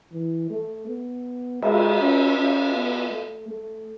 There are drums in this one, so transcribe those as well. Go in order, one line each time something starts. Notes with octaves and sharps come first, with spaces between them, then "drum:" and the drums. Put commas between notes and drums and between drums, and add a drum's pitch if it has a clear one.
E3
A3
B3
G#3, drum: cymbal
C#4
C#4
B3
A3
A3